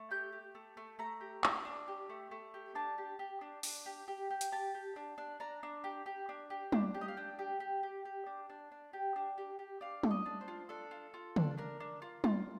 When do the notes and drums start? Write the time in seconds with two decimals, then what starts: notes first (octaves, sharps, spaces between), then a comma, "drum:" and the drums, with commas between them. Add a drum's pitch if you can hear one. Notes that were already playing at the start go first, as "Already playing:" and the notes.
Already playing: A3
0.11 G4 G6
0.32 G4
0.55 A3
0.77 A3
0.99 A3 A#5
1.21 G4
1.44 D4, drum: clap
1.65 D4
1.88 G4
2.10 A3
2.31 A3
2.54 G4
2.75 D4 A5
2.98 G4
3.19 G4
3.41 D4
3.63 D4, drum: open hi-hat
3.86 G4
4.08 G4
4.31 G4
4.41 drum: hi-hat
4.52 G4 A5
4.75 G4
4.96 D4
5.18 D4
5.40 D4 A#5
5.63 D4
5.84 G4
6.06 G4
6.29 D4
6.50 G4
6.72 D4, drum: tom
6.94 G4
7.01 D#5
7.08 F5
7.17 D4 G5
7.39 G4
7.60 G4
7.83 G4
8.05 G4
8.26 D4
8.50 D4
8.72 D4
8.93 G4
9.16 D4
9.38 G4
9.59 G4
9.81 D4 F5
10.03 A4, drum: tom
10.11 D#5
10.26 D4
10.41 C5
10.48 F4
10.69 D4 A4
10.91 F4
11.14 F4
11.36 D4, drum: tom
11.58 D4 A#4
11.80 D4
12.02 F4
12.24 F4, drum: tom